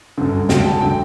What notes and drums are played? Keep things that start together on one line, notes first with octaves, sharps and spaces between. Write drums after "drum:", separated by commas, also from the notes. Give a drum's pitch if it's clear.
G1 F#2 D3
E1 D2 D3 G5, drum: snare
A5
D3 F#3 G5